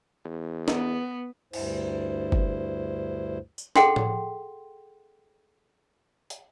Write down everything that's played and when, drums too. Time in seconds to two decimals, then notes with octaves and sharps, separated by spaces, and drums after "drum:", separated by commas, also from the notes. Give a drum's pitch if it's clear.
0.25 E2
0.68 B3, drum: snare
1.53 D2 G2 E4 C5, drum: cymbal
2.32 drum: kick F#1
3.58 drum: tambourine
3.76 G#4 A4 F#5 G5 C6, drum: snare
3.96 drum: tom A2
6.30 drum: hi-hat